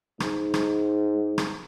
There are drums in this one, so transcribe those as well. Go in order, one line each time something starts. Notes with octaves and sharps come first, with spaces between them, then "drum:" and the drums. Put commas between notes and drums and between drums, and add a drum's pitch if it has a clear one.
G#2, drum: rim click
drum: rim click
drum: rim click